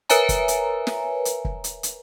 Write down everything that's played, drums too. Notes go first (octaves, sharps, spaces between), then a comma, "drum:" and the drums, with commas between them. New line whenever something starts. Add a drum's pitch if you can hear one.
A#4 B4 C#5 E5 G#5 A#5, drum: hi-hat
drum: kick, hi-hat
drum: hi-hat
drum: snare
drum: hi-hat
drum: kick
drum: hi-hat
drum: hi-hat